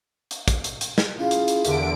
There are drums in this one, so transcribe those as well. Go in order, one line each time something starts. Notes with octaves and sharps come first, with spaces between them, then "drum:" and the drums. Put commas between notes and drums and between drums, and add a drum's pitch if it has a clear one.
drum: hi-hat
drum: kick, hi-hat
drum: hi-hat
drum: hi-hat
drum: snare
C#4 E4 F4 G#4 F5
drum: hi-hat
drum: hi-hat
E2 D3 G4 A#4 E5 D7, drum: hi-hat